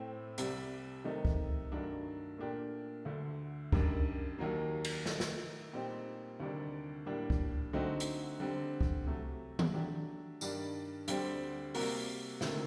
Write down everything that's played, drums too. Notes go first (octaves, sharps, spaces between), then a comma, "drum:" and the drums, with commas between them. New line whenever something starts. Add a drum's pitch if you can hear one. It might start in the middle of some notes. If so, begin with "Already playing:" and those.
Already playing: A2 A3 C4
C2 C3 G3, drum: hi-hat
C3 D#3 A3 D#4
drum: kick C2
G2 D#3 F#3 A3 D4
A#2 A3 D4 G4 A#4
D2 D3 A3
F#2 D#3 G3 D4, drum: kick C2
D#2 D#3 F#3 A#3
drum: cymbal
D#3 A3 D#4, drum: snare
drum: snare
A#2 G3 C4 D#4 G4
D2 C3 D#3 G3 D4
A2 G3 A#3 D4
drum: kick C2
D3 A3 C4 D#4 F#4
drum: hi-hat
D3 G3 C4
drum: kick C2
C3 F#3 A3
drum: tom D#3
F#3 A3 D4 G4
G2 D#3 G3 D4, drum: tambourine
D2 D3 G3 C4, drum: hi-hat
C3 G3 A#3 F#4 A#4, drum: open hi-hat
D2 C3 D#3 A3, drum: snare